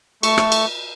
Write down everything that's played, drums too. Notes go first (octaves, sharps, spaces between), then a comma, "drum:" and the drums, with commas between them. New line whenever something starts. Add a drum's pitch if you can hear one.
A3 C#6, drum: cymbal
drum: rim click
drum: cymbal